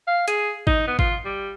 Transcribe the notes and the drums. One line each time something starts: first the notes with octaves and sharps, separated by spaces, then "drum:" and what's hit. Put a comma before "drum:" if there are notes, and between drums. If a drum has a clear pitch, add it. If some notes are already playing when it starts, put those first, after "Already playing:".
F5
G#4, drum: hi-hat
D#4, drum: kick G#1
B3
F4, drum: kick G#1
G3